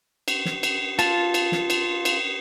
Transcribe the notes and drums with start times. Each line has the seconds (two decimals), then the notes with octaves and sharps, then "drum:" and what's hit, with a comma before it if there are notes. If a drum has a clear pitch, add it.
0.28 drum: cymbal
0.45 drum: snare
0.63 drum: cymbal
0.99 F4 A5, drum: cymbal
1.34 drum: cymbal
1.52 drum: snare
1.70 drum: cymbal
2.05 drum: cymbal